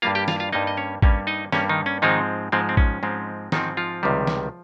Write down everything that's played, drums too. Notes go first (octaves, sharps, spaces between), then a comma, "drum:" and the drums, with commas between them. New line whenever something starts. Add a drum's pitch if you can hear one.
G2 G3 A#3 F4 F5
G4 G5
F4 F5, drum: snare
F4 F5
G2 G3 A#3 D#4 D#5
D#5
C#4 C#5
G2 G3 A#3 C#4 C#5, drum: kick A1
D#4 D#5
G2 G3 A#3 C#4 C#5, drum: snare
D#3 D#4
C#4
G#2 D#3 F3 G#3 C4 D#4
G#2 F3 G#3 C4
C4
C#4, drum: kick A1
G#2 F3 G#3 C4
G#2 D#3 F3 G#3 C4 D#4, drum: snare
F3 F4
C#2 C3 D#3 G3
drum: snare